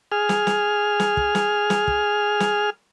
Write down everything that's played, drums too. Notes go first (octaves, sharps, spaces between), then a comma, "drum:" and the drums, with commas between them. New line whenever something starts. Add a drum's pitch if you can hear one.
G#4 F6
drum: snare
drum: snare
drum: snare
drum: kick
drum: snare
drum: snare
drum: kick
drum: snare